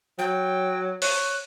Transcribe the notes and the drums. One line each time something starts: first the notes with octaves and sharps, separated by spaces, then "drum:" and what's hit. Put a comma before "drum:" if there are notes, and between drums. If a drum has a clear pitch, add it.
F#3 G5
C#5 F#6, drum: open hi-hat